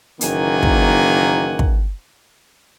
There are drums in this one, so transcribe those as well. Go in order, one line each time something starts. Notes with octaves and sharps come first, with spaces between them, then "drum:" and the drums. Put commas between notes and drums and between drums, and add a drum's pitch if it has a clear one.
F#1 D#3 E3 A#3 F#5 G#5, drum: hi-hat
drum: kick
drum: kick